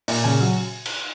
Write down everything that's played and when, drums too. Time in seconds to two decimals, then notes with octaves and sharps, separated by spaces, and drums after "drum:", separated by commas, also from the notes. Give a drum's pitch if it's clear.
0.08 A#2, drum: open hi-hat
0.24 C#3 G#5
0.40 F#3
0.85 drum: cymbal